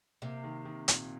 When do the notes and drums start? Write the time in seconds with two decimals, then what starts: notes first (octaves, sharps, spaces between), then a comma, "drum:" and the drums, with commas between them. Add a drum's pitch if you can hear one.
0.22 C3 A#3
0.44 D#3
0.65 D#3
0.88 A#2, drum: hi-hat